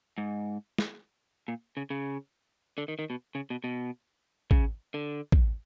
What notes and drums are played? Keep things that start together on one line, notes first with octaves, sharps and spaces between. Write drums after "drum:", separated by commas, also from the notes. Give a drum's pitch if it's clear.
G#2
drum: snare
A#2
C#3
C#3
D3
D#3
D#3
B2
C#3
B2
B2
C#3, drum: kick
D3
drum: kick